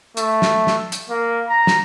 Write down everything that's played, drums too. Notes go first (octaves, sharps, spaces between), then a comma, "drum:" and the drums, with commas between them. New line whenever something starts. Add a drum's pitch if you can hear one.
A3, drum: hi-hat
drum: snare
drum: snare
drum: hi-hat
A#3
A#5
drum: snare